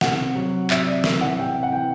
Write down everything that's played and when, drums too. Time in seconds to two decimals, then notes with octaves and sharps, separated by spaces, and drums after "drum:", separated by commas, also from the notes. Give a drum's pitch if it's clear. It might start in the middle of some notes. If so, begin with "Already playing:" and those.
0.01 C3 F#5, drum: snare
0.35 F#3
0.70 C3 E5, drum: clap
0.87 D5
1.04 E3 E5, drum: snare
1.21 F#5
1.39 C3 G5
1.63 F#5
1.72 E3 G5